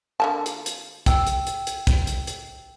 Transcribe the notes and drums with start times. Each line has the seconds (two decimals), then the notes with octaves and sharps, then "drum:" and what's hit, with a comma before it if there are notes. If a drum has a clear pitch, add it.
0.20 D3 A#3 A5
0.46 drum: hi-hat
0.66 drum: hi-hat
1.06 G5 E6, drum: kick, hi-hat
1.27 drum: hi-hat
1.47 drum: hi-hat
1.67 drum: hi-hat
1.87 drum: kick, hi-hat
2.07 drum: hi-hat
2.27 drum: hi-hat